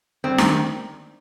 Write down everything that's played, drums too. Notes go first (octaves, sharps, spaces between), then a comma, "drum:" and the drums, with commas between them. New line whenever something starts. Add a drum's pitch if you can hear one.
G2 C4
D#3, drum: snare D#4